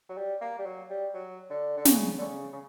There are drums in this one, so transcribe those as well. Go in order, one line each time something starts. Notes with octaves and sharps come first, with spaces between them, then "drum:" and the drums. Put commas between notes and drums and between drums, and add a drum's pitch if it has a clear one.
F#3
G3
A#3
G3
F#3
G3
F#3
D3
D3
C#3, drum: snare
D3
C#3
C#3